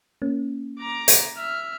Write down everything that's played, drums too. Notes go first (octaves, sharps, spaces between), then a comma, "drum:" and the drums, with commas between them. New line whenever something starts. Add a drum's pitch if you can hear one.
A#3 C#4
A#5 D6
drum: hi-hat
E5 F6